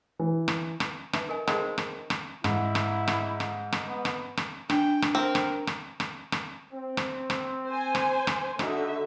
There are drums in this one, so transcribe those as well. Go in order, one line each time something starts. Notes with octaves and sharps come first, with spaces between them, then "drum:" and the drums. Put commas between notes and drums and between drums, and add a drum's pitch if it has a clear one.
E3
drum: rim click
drum: rim click
D#4 B4 E5, drum: rim click
A#4 D#5 G#5
G#3 C4 D#4 A#4 F5, drum: rim click
drum: rim click
drum: rim click
G#2 E4, drum: rim click
drum: rim click
drum: rim click
drum: rim click
drum: rim click
B3
drum: rim click
drum: rim click
D4 G5, drum: rim click
drum: rim click
C4 A#4
drum: rim click
drum: rim click
drum: rim click
drum: rim click
C4
drum: rim click
drum: rim click
C5 G#5
drum: rim click
drum: rim click
D3 D#4 F#4 E5, drum: rim click